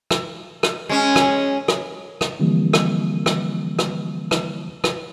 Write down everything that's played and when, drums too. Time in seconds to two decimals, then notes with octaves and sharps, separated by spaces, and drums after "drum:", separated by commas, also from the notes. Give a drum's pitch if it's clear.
0.11 drum: rim click
0.63 drum: rim click
0.89 G#3 C#4
1.16 drum: rim click
1.68 drum: rim click
2.21 drum: rim click
2.39 D3 E3 F3 G3 A#3 C4
2.73 drum: rim click
3.26 drum: rim click
3.79 drum: rim click
4.31 drum: rim click
4.84 drum: rim click